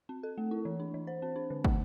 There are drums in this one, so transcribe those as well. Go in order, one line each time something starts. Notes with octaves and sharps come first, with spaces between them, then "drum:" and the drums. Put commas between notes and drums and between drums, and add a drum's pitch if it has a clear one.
C4
A4
A3
E4
E3
D4
E3
C5
C4
D4
D3
A3, drum: kick